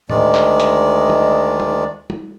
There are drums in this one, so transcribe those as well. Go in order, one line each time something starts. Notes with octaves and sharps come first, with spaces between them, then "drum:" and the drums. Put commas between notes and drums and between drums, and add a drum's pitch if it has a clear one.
D2 D#3 G#3 D5, drum: tom A2
drum: clap
drum: hi-hat
drum: tom G3
drum: tom G3
drum: tom G3